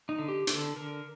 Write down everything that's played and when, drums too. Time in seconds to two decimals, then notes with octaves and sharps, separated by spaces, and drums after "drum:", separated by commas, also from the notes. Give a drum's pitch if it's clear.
0.09 D#4
0.19 D3
0.29 G4
0.47 D3 A4, drum: hi-hat
0.76 D3 A#4